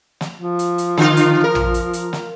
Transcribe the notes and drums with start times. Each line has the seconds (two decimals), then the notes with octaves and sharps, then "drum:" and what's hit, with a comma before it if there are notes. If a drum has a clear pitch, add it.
0.21 drum: snare
0.38 F3
0.59 drum: hi-hat
0.78 drum: hi-hat
0.97 D3 F4, drum: snare
1.17 drum: hi-hat
1.44 A#4
1.55 drum: tom
1.74 drum: hi-hat
1.94 drum: hi-hat
2.13 drum: snare